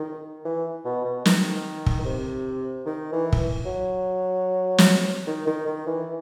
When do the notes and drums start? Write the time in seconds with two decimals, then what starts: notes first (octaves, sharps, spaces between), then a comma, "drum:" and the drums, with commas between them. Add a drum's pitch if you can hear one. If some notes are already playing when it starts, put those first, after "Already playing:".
Already playing: D#3
0.45 E3
0.85 B2
1.05 B2
1.25 D#3, drum: snare
1.86 drum: kick
2.00 D#3
2.05 C3
2.86 D#3
3.12 E3
3.33 drum: kick
3.66 F#3
4.78 drum: snare
5.27 D#3
5.47 D#3
5.67 D#3
5.87 E3